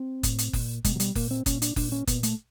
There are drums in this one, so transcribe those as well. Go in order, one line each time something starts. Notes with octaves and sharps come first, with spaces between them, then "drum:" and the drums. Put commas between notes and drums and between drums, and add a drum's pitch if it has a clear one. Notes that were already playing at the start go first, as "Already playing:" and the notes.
Already playing: C4
A2, drum: kick F#1, hi-hat
drum: hi-hat
A#2, drum: kick F#1, open hi-hat
B2 G#3, drum: kick F#1, hi-hat
F#3
G3, drum: hi-hat
A#2 A#3, drum: kick F#1, open hi-hat
C4
A#2 C#4, drum: kick F#1, hi-hat
D4, drum: hi-hat
A#2 D4, drum: kick F#1, open hi-hat
C#4
A#2 B3, drum: kick F#1, hi-hat
A3, drum: hi-hat